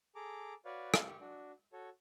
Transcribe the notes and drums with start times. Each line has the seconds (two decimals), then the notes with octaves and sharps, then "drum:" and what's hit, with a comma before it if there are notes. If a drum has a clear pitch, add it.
0.15 G#4 A4 A#5 D6
0.65 F#4 B4 C#5 D5 F5
0.94 C4 F4 G4 C5 A5, drum: rim click
1.06 G4 C#6
1.20 D4 F#4
1.73 F#4 A4 C#5